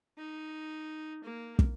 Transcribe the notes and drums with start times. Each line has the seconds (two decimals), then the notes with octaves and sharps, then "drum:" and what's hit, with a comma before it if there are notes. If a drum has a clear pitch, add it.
0.18 D#4
1.24 A#3
1.59 drum: kick